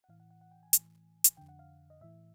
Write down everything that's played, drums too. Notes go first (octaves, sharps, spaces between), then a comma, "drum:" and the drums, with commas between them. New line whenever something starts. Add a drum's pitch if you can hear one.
F#5
A2 E3 F5
F#5
F#5
F#5
G5
G#5
A2 E3, drum: hi-hat
drum: hi-hat
F2 D3 G5
F#5
F5
D#5
A2 E3 E5